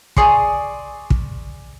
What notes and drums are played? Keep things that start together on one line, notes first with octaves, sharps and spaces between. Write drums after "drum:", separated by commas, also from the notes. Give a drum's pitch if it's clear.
G#4 D5 C6 C#6, drum: kick
drum: kick